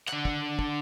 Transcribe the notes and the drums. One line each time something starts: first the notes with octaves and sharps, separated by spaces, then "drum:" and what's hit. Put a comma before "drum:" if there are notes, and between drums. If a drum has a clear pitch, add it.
D3 F#5, drum: clap
drum: kick
drum: kick